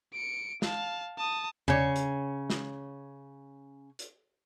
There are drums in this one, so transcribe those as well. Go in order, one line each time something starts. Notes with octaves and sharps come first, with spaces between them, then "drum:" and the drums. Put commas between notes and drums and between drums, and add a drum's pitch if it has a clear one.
C#7 D7
F5 A5, drum: snare
A5 D#6
C#3 C#5, drum: tom E2
drum: hi-hat
drum: snare
drum: hi-hat